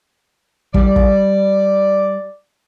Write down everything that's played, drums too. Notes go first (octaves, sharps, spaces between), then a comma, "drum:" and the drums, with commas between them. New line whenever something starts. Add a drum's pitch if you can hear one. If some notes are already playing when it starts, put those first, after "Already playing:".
G3 D5, drum: kick
drum: kick